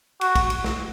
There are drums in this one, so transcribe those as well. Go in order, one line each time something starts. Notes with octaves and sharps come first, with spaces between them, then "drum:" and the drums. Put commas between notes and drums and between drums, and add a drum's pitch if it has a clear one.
F#4, drum: cymbal
drum: kick, cymbal
drum: cymbal
drum: snare